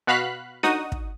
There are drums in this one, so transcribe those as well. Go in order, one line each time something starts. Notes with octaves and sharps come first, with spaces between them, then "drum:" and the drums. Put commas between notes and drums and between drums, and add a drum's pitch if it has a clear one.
B2 F#4 F5 B5 F#6 B6
D#4 F#4 D#6, drum: snare D4
drum: kick